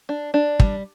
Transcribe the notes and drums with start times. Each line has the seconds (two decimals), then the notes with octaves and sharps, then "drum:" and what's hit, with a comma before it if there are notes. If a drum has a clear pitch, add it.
0.09 D4
0.34 D4
0.60 G3, drum: kick